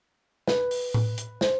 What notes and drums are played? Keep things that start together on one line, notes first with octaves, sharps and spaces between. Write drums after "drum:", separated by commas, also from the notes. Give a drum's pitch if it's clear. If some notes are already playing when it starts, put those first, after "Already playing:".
B4, drum: snare
drum: open hi-hat
drum: tom A2
drum: hi-hat
C5, drum: snare